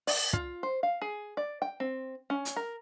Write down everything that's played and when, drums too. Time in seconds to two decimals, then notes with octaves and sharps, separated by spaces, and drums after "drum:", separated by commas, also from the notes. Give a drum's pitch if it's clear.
0.07 D5, drum: open hi-hat
0.33 F4, drum: kick
0.63 C5
0.83 F5
1.01 G#4
1.37 D5
1.62 G5
1.80 C4
2.30 C#4
2.45 drum: hi-hat
2.56 A#4